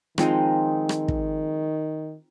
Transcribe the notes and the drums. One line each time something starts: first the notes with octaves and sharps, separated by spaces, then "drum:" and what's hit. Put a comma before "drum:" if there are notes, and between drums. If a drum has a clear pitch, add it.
D#3 F3 G#3 C4 D#4, drum: rim click
drum: rim click
drum: kick